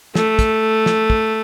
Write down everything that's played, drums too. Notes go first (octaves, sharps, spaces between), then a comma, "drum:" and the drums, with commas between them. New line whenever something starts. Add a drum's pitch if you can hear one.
A3, drum: snare
drum: kick, hi-hat
drum: snare
drum: kick